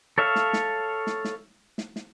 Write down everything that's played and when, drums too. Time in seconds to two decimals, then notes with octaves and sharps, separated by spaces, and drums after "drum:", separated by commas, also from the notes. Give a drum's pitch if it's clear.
0.18 A4 C#5 E5 F5
0.36 drum: snare
0.53 drum: snare
1.07 drum: snare
1.25 drum: snare
1.78 drum: snare
1.96 drum: snare